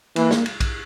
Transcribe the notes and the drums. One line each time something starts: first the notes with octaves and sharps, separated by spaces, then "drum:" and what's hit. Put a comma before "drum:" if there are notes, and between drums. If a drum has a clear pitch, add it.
E3 A#3, drum: cymbal
drum: snare
drum: cymbal
drum: kick A#1, cymbal